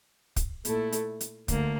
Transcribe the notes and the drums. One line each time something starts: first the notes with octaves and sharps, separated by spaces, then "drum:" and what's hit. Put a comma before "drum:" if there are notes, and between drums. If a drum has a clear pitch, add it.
drum: kick, hi-hat
A#2 A3 E4 A4, drum: hi-hat
drum: hi-hat
drum: hi-hat
D2 D3 A#3, drum: kick, hi-hat